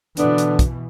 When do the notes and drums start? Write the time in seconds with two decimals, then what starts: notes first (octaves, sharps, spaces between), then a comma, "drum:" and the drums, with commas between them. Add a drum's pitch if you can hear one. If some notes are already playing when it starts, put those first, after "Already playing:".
0.17 B2 D3 E3 B3 D4, drum: hi-hat
0.38 drum: hi-hat
0.59 drum: kick, hi-hat